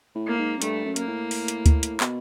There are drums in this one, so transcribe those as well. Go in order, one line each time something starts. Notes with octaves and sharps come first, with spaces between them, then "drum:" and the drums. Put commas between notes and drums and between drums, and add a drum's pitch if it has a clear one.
A2
A#3
G#2
F#2
G2 A3, drum: hi-hat
F#2
A#3, drum: hi-hat
A2
drum: open hi-hat
drum: hi-hat
drum: kick D2, hi-hat
drum: hi-hat
B2, drum: clap